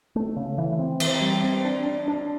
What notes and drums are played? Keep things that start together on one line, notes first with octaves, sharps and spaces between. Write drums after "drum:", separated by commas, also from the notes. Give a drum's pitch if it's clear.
A3
C#3
E3
C4
E3, drum: cymbal
G3
C4
D4
D4
D4